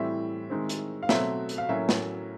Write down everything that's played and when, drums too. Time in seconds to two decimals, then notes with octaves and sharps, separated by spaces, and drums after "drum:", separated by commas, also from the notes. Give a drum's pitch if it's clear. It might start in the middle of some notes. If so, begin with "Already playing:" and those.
Already playing: A2 E3 G3 C4 E5
0.50 D#3 G#3 C4
0.69 drum: hi-hat
1.03 F5
1.09 B2 F#3 A3 C4 E5, drum: snare
1.49 drum: hi-hat
1.58 F5
1.69 A2 F#3 A#3 C#4 E5
1.89 drum: snare